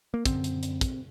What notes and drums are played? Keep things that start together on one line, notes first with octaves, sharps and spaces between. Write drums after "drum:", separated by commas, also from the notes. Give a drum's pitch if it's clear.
A#3
F#2 D3 C4, drum: kick, hi-hat
drum: hi-hat
drum: hi-hat
drum: kick, hi-hat